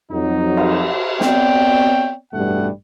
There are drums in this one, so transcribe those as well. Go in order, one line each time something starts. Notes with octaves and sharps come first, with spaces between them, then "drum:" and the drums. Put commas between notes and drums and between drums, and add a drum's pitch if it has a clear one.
F2 F#3 D#4
drum: cymbal
B3 C4 C#5 D5 G5, drum: snare
A1 G2 B2 G3 A3 F#5